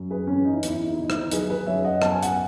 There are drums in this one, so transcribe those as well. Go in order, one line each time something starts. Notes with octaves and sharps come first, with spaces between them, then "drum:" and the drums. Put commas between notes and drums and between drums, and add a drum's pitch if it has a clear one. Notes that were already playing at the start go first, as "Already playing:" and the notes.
Already playing: F#2
G#4 B4
E3 C#4
D#4
E4
D#4
E2 E4, drum: hi-hat
D#4
E4
D#4
D#3 E4
D#4
E4, drum: rim click
D#4
F#3 G#4 B4, drum: hi-hat
G#4 B4
F#2 C#5 E5
D#5 F#5
B3 A5, drum: rim click
G#5
F#5, drum: hi-hat